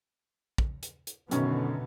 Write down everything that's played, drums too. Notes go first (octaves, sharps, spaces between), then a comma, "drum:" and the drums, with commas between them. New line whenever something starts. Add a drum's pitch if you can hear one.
drum: kick
drum: hi-hat
drum: hi-hat
F#2 B2 D3 D#3 B3 C#4, drum: hi-hat